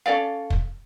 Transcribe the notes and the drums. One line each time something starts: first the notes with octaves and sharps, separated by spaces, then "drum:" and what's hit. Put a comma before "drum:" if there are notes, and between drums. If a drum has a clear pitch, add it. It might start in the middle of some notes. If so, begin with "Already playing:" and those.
C#4 A4 D5 F5
drum: kick